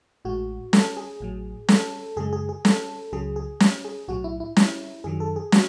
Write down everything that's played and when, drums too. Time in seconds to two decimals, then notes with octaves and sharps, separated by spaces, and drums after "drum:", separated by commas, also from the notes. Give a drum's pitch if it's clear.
0.25 A1 A2 G#3 F#4
0.73 A4, drum: snare
0.97 G#4
1.20 A1 A2 F#3
1.68 A4, drum: snare
2.17 F#2 C#3 G#3 G#4
2.33 G#4
2.49 G#4
2.65 A4, drum: snare
3.12 C#2 C#3 F#3 G#4
3.36 G#4
3.60 drum: snare
3.85 G#4
4.08 B1 A2 F#3 F#4
4.24 E4
4.40 E4
4.57 E4, drum: snare
5.04 F#2 D#3 F#3 G#4
5.20 A4
5.36 G#4
5.52 F#4, drum: snare